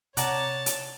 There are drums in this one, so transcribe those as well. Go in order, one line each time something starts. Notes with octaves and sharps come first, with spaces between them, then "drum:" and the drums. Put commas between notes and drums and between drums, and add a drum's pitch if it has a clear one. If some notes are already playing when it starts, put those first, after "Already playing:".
C3 C#5 D5 F#5 A5 A#5, drum: hi-hat
drum: hi-hat